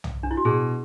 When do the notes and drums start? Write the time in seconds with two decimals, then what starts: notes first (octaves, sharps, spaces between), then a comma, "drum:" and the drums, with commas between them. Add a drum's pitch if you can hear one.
0.04 drum: tom
0.23 D4
0.31 E4
0.37 F#4
0.45 B2 G#4